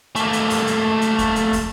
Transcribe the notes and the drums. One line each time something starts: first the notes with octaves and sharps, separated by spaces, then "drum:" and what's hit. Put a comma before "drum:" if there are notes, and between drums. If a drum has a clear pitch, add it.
A3 A#3, drum: hi-hat
drum: hi-hat
drum: open hi-hat
drum: hi-hat
drum: hi-hat
drum: kick, hi-hat
drum: hi-hat
drum: kick, open hi-hat